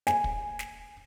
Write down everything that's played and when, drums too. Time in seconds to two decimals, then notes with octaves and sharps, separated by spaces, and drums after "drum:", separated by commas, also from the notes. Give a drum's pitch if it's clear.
0.07 G#5, drum: snare
0.24 drum: kick
0.59 drum: snare